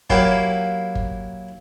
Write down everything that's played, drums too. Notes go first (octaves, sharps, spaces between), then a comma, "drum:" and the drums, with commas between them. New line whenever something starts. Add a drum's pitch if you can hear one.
F#3 A#3 E4 F#4 G4 F5, drum: kick G1
drum: kick G1